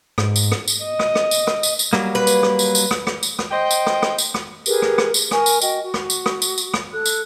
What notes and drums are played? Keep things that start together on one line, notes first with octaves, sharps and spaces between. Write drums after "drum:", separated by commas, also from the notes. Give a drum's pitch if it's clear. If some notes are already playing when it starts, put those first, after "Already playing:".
G#2, drum: rim click
drum: tambourine
drum: rim click
drum: tambourine
D#5
drum: rim click
drum: rim click
drum: tambourine
drum: rim click
drum: tambourine
drum: tambourine
F#3 G3 A#3, drum: rim click
B4
drum: tambourine
drum: rim click
drum: tambourine
drum: tambourine
drum: rim click
drum: rim click
drum: tambourine
drum: rim click
C5 D#5 G5
drum: tambourine
drum: rim click
drum: rim click
drum: tambourine
drum: rim click
G4 G#4 A#4 B4, drum: tambourine
drum: rim click
drum: rim click
drum: tambourine
A#4 G#5 C#6, drum: rim click
drum: tambourine
F#4 D#5 G5, drum: tambourine
F#4
drum: rim click
drum: tambourine
drum: rim click
drum: tambourine
drum: tambourine
drum: rim click
A4 F#6
drum: tambourine